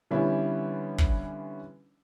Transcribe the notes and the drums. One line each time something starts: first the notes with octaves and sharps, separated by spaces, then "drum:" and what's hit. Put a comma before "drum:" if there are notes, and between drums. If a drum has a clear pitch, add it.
D3 E3 G3 B3 C#4 E4
drum: kick